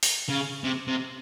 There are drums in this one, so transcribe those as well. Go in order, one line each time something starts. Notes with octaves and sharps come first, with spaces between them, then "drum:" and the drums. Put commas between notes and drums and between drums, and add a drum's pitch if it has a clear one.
drum: open hi-hat
C#3
C3
C3